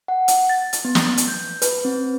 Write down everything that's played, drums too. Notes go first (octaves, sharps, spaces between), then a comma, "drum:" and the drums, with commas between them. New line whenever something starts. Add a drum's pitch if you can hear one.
F#5
drum: hi-hat
A6
drum: hi-hat
B3
drum: snare
drum: hi-hat
G6
B4, drum: hi-hat
C4